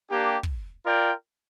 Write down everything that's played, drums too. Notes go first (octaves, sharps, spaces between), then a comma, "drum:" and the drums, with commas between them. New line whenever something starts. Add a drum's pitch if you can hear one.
A#3 D4 G4
drum: kick
F4 A#4 D5 G5